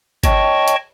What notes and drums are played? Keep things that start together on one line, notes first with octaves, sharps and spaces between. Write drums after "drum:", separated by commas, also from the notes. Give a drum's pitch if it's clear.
C#5 D#5 G5 A5 C#6, drum: kick G1, hi-hat
drum: hi-hat